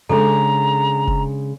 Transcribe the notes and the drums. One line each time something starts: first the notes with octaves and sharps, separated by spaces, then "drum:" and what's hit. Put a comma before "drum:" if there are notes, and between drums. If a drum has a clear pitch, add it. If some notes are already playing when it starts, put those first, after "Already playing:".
C#3 G#3 D4 A4 A#5
drum: kick F1